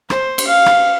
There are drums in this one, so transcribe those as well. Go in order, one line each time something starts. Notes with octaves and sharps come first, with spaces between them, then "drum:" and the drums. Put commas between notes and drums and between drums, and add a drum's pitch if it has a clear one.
C5, drum: rim click
drum: cymbal
F5
drum: rim click